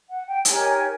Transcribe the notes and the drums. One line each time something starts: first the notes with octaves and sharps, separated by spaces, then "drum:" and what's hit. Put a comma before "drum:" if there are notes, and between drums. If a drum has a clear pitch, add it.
F#5
G5
D#4 G4 A#4 C#5 G#5, drum: hi-hat
G#5
G#5